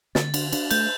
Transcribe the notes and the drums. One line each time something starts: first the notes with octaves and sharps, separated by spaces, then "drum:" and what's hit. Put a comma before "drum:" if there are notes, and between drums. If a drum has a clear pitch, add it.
D3 A6, drum: snare
D4, drum: cymbal
D4, drum: cymbal
A3 G6, drum: cymbal